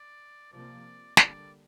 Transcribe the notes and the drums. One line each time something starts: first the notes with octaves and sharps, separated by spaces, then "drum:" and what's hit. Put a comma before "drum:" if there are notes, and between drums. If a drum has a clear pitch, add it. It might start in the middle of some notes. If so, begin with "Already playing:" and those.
Already playing: D5
C3 F3 A#3 D5
D3 G3 A#3 D5, drum: snare